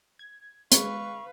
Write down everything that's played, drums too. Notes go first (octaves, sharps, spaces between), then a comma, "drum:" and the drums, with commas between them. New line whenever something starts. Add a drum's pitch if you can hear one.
G#6
G#3 B4 F5 C#6, drum: hi-hat